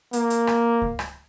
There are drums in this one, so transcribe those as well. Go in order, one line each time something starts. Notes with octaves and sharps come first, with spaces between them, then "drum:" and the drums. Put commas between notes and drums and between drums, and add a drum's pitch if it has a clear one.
A#3, drum: hi-hat
drum: hi-hat
drum: rim click
drum: kick C#2
drum: rim click